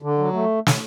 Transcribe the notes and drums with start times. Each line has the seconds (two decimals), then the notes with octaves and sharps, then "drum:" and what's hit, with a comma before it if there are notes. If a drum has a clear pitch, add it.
0.02 D3
0.18 F#3
0.33 A3
0.66 drum: snare